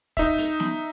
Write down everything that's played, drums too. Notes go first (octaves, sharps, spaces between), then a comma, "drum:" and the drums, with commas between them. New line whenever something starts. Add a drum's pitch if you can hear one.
D#4 E5, drum: kick, hi-hat
drum: hi-hat
drum: snare